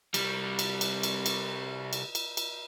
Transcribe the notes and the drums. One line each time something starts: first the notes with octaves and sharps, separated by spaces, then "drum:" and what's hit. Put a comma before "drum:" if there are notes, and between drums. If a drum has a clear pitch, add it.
C2 G3, drum: cymbal
drum: cymbal
drum: cymbal
drum: cymbal
drum: cymbal
drum: cymbal
drum: cymbal
drum: cymbal